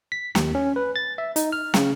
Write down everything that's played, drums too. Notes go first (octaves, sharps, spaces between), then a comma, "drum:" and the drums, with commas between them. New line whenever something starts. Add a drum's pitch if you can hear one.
B6
D#2, drum: snare
C#4
B4
A6
E5
D#4, drum: hi-hat
F6
C#3, drum: snare